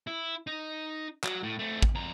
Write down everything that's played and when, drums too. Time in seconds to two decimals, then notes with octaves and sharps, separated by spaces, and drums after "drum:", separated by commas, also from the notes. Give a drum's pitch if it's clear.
0.07 E4
0.47 D#4
1.24 F#3, drum: clap
1.43 A2
1.59 A3 C4
1.82 drum: kick
1.95 F2 A#5